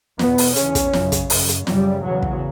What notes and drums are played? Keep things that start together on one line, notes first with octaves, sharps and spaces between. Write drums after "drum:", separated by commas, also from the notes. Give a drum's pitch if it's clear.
E2 B2 B3, drum: snare
drum: open hi-hat
E2 C#3 C#4, drum: hi-hat
drum: kick, hi-hat
F#2 C#3, drum: snare
drum: kick, hi-hat
F#2 C#3, drum: open hi-hat
drum: hi-hat
F#2 C#3 G3, drum: snare
E2 C#3 F#3
drum: kick